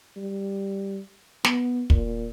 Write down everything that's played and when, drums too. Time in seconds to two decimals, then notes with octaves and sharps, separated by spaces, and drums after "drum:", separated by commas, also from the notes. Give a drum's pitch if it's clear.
0.16 G3
1.44 B3, drum: snare
1.90 A#2, drum: kick